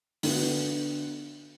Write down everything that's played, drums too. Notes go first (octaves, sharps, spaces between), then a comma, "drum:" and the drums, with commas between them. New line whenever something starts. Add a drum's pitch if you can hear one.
D3 B3 F#4, drum: open hi-hat